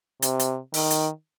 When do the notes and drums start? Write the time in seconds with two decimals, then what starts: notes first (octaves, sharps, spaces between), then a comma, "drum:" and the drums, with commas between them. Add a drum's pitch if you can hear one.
0.22 C3, drum: hi-hat
0.39 drum: hi-hat
0.74 D#3, drum: open hi-hat
0.91 drum: hi-hat